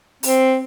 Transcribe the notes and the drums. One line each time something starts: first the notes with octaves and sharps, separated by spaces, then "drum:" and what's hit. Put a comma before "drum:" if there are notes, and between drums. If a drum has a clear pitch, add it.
C4, drum: open hi-hat